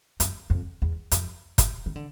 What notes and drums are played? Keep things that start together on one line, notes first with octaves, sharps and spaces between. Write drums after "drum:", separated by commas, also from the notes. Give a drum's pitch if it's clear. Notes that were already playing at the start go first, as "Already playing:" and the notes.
F#2, drum: hi-hat
F2
E2
F2, drum: hi-hat
drum: kick, hi-hat
D#3
D3